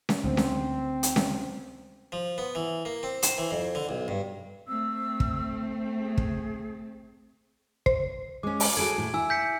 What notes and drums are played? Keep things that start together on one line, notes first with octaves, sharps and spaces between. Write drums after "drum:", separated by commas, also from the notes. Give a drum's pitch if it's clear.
drum: snare C#4
D2 C4
drum: snare C#4
drum: hi-hat
drum: snare C#4
F3
B3
E3
A#3
C4
C5, drum: hi-hat
E3
F2
D3
B1
G2
A3 C4 E6
drum: kick
G#4
drum: kick
C5, drum: kick
G#3 C#4 D6
drum: open hi-hat
F#4 G#4 A4 G#6 D7
A2
E4 G#5 E6
G6 B6 C#7